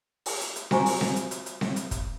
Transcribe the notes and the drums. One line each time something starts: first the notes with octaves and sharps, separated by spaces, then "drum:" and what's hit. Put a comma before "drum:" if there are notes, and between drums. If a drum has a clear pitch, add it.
drum: open hi-hat
drum: hi-hat
drum: hi-hat
F4 F#4 C5 G#5 A#5 C#6, drum: snare C4
drum: open hi-hat
drum: snare C4
drum: hi-hat
drum: hi-hat
drum: hi-hat
drum: snare C4
drum: hi-hat
drum: kick, hi-hat